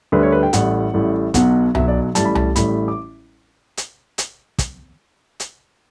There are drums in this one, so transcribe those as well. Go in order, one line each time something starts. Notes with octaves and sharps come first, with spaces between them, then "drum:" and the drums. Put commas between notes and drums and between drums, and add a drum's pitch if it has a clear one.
D2 D3 G3 B4
C#5
B4
G5
A1 A2 G3 F#5, drum: hi-hat
A1 A2 G3
B1 B2 F#3 F#5, drum: kick, hi-hat
B1 B2 F#3 E5, drum: tom C2
D5
A1 A2 G3 A5, drum: hi-hat
B5
A5, drum: tom C2
A1 A2 G3 B5, drum: hi-hat
D6
drum: hi-hat
drum: hi-hat
drum: kick, hi-hat
drum: hi-hat